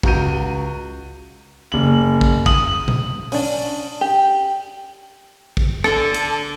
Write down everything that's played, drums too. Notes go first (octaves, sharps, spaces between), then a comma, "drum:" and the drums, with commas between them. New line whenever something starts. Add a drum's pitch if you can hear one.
C#2 F#4 A#5 G6 D#7, drum: kick
F#1 F#7
drum: kick
D#6 F#7, drum: kick
drum: tom A#2
C#4 D4, drum: open hi-hat
G4
drum: kick
D3 A4, drum: rim click
drum: hi-hat